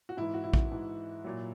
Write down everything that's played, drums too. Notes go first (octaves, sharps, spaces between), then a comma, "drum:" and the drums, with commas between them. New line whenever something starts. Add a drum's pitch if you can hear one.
F#4
G#2 E3 E4
F#4
E4
drum: kick A#1
G#2 E3
A#2 F#3